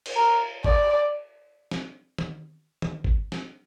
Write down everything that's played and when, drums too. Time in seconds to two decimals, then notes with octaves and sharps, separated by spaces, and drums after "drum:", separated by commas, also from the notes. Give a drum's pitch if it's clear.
0.06 drum: cymbal
0.16 A#4
0.64 D5, drum: kick
1.71 drum: snare
2.18 drum: tom D#3
2.82 drum: tom D#3
3.04 drum: kick
3.32 drum: snare